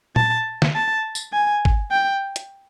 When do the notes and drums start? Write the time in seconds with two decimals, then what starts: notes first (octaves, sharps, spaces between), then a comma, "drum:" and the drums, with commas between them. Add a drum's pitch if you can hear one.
0.16 A5, drum: tom A#2
0.62 drum: snare
0.75 A5
1.15 drum: tambourine
1.33 G#5
1.65 drum: kick
1.91 G5
2.36 drum: hi-hat